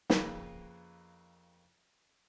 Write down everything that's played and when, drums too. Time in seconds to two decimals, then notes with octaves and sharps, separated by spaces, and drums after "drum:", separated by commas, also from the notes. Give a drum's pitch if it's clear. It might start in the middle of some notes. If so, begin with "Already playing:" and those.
0.10 F2 C#3 A#3 B4, drum: snare